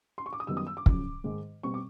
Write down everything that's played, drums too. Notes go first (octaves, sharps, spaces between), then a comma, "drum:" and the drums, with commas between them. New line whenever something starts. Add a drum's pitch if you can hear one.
C6
C#6
D6
D#6
F#2 D#3 G3 B3 E6
D#6
E6
D6
F#2 C#3 F3, drum: kick
G#2 D#3 G#3
B2 G3 C4 C#6
D6